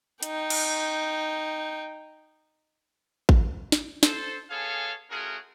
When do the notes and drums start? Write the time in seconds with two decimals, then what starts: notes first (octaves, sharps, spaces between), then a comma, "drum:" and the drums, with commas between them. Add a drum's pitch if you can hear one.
0.23 D#4 G5, drum: hi-hat
0.50 drum: cymbal
3.29 drum: kick A1
3.72 drum: snare
4.03 A4 C5, drum: snare
4.50 B3 G#4 A4 C#5 F5 G#5
5.10 A3 C#4 F4 F#4 G#4 A#4